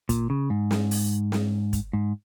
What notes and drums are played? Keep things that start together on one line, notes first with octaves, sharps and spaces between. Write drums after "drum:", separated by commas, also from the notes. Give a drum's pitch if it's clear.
A#2, drum: kick, hi-hat
C#3
G#2
drum: snare
drum: open hi-hat
drum: snare
drum: kick, hi-hat
G#2